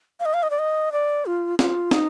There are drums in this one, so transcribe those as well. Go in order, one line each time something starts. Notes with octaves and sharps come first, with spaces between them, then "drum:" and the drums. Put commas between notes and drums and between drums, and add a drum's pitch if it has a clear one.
F5
D#5
F5
D#5
D5
D#5
D5
F4
F4, drum: snare
D#4, drum: snare